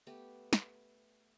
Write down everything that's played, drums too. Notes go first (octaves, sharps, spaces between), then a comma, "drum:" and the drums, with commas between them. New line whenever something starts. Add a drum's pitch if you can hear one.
A3 B3 G4 B4
drum: snare